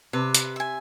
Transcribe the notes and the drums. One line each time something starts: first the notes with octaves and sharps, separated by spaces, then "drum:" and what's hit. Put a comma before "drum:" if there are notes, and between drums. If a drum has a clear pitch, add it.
C3 B4
drum: hi-hat
E5 G#5